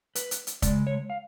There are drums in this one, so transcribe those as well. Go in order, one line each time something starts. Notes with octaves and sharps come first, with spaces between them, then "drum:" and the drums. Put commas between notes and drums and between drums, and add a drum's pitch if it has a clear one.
B4, drum: hi-hat
drum: hi-hat
drum: hi-hat
C#3 G#3 D5, drum: kick, hi-hat
C#5
F5